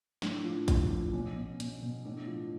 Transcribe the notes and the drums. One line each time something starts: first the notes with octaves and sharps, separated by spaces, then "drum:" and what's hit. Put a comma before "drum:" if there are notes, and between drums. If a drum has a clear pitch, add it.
A2 D4, drum: snare
F3
A2, drum: kick, hi-hat
F3
B2 C#4
B2
B2, drum: hi-hat
B2
A2 D4
F3